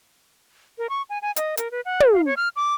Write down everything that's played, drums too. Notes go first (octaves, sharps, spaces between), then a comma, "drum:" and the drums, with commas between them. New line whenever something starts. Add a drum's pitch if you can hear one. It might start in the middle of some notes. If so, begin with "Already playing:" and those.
A#4
C#6
G#5
G#5
D#5, drum: hi-hat
A#4, drum: hi-hat
B4
F#5
drum: tom
F5
C#5
F6
D6